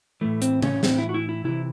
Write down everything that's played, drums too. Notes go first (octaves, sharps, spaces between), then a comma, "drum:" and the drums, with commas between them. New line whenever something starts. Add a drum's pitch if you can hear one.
A2 E3 A3
C4, drum: hi-hat
C#4, drum: tom C#3
A2 E3 C4, drum: snare
E4
F#4
E4
E4
C3 E3 E4